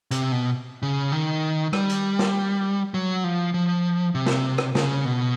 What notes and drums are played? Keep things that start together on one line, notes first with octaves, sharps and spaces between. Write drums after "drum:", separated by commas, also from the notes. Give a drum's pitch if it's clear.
C3, drum: hi-hat
B2
C#3
D#3
G3, drum: rim click
drum: hi-hat
drum: snare
F#3
F3
F3
C3
drum: snare
drum: rim click
C#3, drum: snare
B2